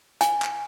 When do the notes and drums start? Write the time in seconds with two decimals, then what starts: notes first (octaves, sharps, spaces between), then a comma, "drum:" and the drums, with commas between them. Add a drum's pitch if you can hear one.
0.21 G#5, drum: hi-hat
0.42 drum: clap